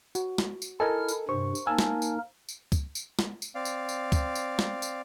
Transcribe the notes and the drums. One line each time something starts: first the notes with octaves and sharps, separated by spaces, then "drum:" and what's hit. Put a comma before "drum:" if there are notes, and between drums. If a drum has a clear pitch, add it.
F#4, drum: tambourine
drum: snare
drum: tambourine
E4 A4 A#4 D#5 G#5 F6
drum: tambourine
G2 C3 C5 C#6
drum: tambourine
A#3 D#4 A#4 G#5 A5 E6
drum: snare
drum: tambourine
drum: tambourine
drum: kick, tambourine
drum: tambourine
drum: snare
drum: tambourine
C4 D5 F5
drum: tambourine
drum: tambourine
drum: kick, tambourine
drum: tambourine
drum: snare
drum: tambourine